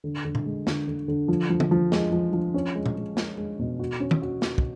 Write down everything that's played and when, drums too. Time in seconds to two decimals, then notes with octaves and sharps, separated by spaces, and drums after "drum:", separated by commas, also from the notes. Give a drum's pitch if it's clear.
0.04 D3
0.25 D3
0.35 drum: tom A#2
0.46 G#3
0.67 D3, drum: snare
0.88 D3
1.08 D3
1.28 F3
1.50 F3
1.60 drum: tom D3
1.71 F3
1.92 G#3, drum: snare
2.12 F3
2.33 F3
2.54 C#4
2.75 G#3
2.86 drum: tom A#2
2.96 G#3
3.17 G#3, drum: snare
3.38 G#3
3.59 B2
3.79 F#4
4.00 C#4
4.11 drum: tom D#3
4.22 F#4
4.42 F#4, drum: snare
4.58 drum: kick